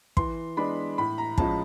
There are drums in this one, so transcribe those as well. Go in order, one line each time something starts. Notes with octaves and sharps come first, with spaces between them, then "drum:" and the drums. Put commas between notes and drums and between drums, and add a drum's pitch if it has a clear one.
E3 C6, drum: kick
G#3 B3 D4 B5
A2 B5
A#5
F3 G#3 C#4 A5, drum: kick